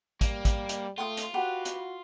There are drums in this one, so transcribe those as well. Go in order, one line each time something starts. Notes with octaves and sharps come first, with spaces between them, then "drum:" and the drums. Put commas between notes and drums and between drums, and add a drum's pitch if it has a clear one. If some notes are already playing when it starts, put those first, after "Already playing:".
G3 A#3, drum: kick, hi-hat
drum: kick, hi-hat
drum: hi-hat
A3 F4 G5 C6 D#6
drum: hi-hat
F#4 G4 B4 F#5
drum: hi-hat